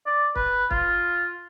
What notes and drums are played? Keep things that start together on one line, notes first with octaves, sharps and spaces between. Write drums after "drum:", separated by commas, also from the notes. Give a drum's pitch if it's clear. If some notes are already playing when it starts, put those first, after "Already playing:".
D5
B4, drum: kick
F4, drum: kick